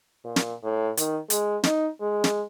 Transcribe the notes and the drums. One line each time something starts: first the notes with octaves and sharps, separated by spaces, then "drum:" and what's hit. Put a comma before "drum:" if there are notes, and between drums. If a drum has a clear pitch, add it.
A#2
drum: snare
A2
D#3, drum: hi-hat
G#3, drum: hi-hat
D#4, drum: snare
G#3
drum: snare